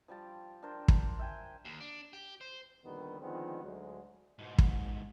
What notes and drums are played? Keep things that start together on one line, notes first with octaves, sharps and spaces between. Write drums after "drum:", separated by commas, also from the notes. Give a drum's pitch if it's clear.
F3 G3 G4 A5
D4 A#4 C5
drum: kick
E5 G5 G#5
D#2
D4
G4
C5
A#1 D#2 D3 D#3 G3 B3
D3 D#3 F3 G#3 B3 C4
D2 F#3 G#3
G#2 B2
drum: kick